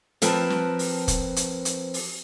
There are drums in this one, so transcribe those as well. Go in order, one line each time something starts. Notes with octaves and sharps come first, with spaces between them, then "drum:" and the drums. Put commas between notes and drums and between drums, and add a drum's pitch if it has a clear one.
F3 C4 A#4 B4 A5, drum: hi-hat
drum: snare
drum: open hi-hat
drum: kick, hi-hat
drum: hi-hat
drum: hi-hat
drum: open hi-hat